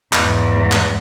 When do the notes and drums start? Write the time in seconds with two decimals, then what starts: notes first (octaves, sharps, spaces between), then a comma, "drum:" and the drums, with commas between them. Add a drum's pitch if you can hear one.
0.13 E2 G#2, drum: clap
0.72 drum: clap